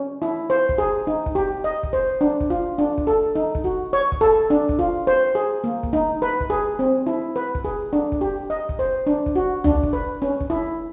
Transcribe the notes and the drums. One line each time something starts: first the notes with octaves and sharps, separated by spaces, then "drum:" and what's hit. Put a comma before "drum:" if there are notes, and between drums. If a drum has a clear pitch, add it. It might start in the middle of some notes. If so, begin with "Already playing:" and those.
Already playing: C#4
E4
C5
drum: kick
G#4
D#4
drum: kick
G4
D#5
drum: kick
C5
D4
drum: kick
F4
D4
drum: kick
A4
D#4
drum: kick
F#4
C#5
drum: kick
A4
D4
drum: kick
F4
C5
G#4
A#3
drum: kick
D#4
B4
drum: kick
G#4
C4
E4
B4
drum: kick
G#4
D4
drum: kick
G4
D#5
drum: kick
C5
D4
drum: kick
F#4
D4, drum: tom
drum: kick
B4
C#4
drum: kick
E4